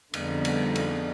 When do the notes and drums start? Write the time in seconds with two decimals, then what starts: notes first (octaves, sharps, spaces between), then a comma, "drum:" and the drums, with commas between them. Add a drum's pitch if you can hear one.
0.14 F2 D3 G3 B3 D#4, drum: cymbal
0.45 drum: cymbal
0.76 drum: cymbal